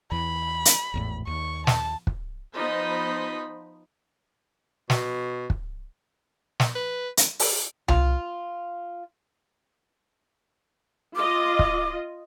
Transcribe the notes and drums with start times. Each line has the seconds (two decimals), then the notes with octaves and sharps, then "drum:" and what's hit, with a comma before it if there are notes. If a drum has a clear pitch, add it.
0.11 E2 E3 B5
0.65 drum: hi-hat
0.94 G#1 E2 A2
1.27 D#2 C#6
1.67 A5, drum: snare
2.07 drum: kick
2.55 F3 B3 D#4 C5 D#5 B5
4.90 B2, drum: snare
5.50 drum: kick
6.60 drum: snare
6.75 B4
7.17 drum: hi-hat
7.39 drum: open hi-hat
7.88 F4, drum: tom C2
11.16 F4 D#5 D6
11.59 drum: kick